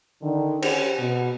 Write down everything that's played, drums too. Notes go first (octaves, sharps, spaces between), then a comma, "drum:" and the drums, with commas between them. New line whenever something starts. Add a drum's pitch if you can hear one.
D3 D#3
C#4 G4 C5, drum: cymbal
B2